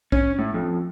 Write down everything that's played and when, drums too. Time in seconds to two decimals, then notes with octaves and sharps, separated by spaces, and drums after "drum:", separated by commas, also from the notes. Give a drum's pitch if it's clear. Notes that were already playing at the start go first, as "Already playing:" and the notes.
0.12 C#4, drum: kick
0.39 A2
0.54 F2